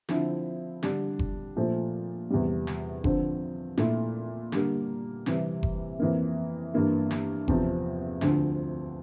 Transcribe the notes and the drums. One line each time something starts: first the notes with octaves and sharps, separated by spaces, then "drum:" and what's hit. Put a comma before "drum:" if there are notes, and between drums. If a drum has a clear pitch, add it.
D3 F3 C4 E4, drum: snare
D3 G3 D4, drum: snare
drum: kick F#1
A#2 F3 A3
E2 C3 G3
drum: snare
D3 F3 C4, drum: kick F#1
A#2 A3 E4, drum: snare
D3 G3 A#3, drum: snare
C3 E3 G3, drum: snare
drum: kick F#1
F2 E3 A#3
G2 E3 A#3 E4
drum: snare
E2 C3 F3 C4, drum: kick F#1
D2 D3 F3 C4, drum: snare